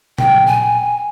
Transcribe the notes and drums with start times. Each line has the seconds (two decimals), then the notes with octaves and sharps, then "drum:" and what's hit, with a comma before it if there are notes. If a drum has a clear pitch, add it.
0.18 G5, drum: tom A#2
0.46 G#5